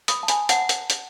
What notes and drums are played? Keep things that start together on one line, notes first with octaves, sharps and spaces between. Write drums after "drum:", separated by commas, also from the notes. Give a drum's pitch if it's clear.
B5 D#6, drum: hi-hat
A5
G#5 B5, drum: hi-hat
F#5 A5, drum: hi-hat
drum: hi-hat
drum: hi-hat